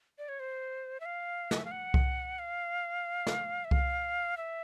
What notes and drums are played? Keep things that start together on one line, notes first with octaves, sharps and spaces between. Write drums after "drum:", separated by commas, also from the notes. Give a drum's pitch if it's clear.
D5
C#5
C5
E5
F5
D#5, drum: snare
E5
F5
F#5
drum: kick C2
F5
drum: snare
E5
F5, drum: kick C2
E5